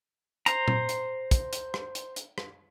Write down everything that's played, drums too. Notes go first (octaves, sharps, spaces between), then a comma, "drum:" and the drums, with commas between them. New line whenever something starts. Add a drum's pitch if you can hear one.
C5 A#5, drum: hi-hat
drum: tom A#2
drum: hi-hat
drum: kick, hi-hat
drum: hi-hat
drum: rim click
drum: hi-hat
drum: hi-hat
drum: rim click